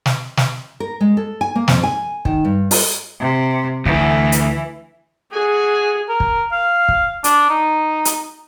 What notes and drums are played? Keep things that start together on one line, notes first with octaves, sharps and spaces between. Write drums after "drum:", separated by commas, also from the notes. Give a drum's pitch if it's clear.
drum: snare
drum: snare
A#4
G#3
A4
G#5
A#3
F2, drum: snare
G#5
D#3, drum: kick
G2
F4, drum: open hi-hat
C3
D2 E3, drum: kick
drum: hi-hat
D4 F#4 G#4 G#5
A#4
drum: kick
F5
drum: kick
D4, drum: hi-hat
D#4
drum: hi-hat